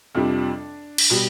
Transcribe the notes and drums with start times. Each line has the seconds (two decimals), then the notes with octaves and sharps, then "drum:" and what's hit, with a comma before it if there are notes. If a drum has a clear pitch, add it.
0.15 F2 C3 G3 D4
0.98 drum: cymbal
1.10 B2 G3